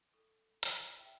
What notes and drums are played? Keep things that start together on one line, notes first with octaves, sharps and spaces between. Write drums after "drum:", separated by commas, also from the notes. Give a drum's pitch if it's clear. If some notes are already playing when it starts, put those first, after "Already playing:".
A4 C#6
A#4 C#5 F5, drum: hi-hat
D#4 D5
G#4 E5 G5